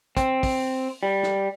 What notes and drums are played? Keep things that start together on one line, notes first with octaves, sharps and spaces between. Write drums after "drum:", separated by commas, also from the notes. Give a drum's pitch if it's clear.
C4, drum: kick, hi-hat
drum: kick, open hi-hat
G3
drum: snare